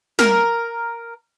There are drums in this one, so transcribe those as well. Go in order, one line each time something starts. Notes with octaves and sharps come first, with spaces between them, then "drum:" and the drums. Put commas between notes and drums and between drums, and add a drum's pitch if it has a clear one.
A#4, drum: snare